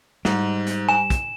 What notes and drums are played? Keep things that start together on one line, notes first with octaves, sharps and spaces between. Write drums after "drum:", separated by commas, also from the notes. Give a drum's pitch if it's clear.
G#2 G3, drum: snare
drum: hi-hat
G#5 E7
drum: kick, hi-hat